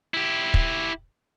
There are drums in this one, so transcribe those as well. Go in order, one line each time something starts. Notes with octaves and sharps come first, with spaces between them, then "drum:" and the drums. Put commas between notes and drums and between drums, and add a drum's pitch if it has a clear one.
E4 G4
drum: kick